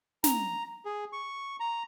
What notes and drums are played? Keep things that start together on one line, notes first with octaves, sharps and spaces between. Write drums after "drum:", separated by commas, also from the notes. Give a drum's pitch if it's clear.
A#5, drum: snare
G#4
C#6
A#5